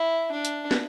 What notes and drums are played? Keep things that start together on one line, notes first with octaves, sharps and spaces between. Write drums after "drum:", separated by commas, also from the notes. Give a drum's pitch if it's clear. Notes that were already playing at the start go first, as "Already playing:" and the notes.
Already playing: E4
D4
drum: hi-hat
drum: snare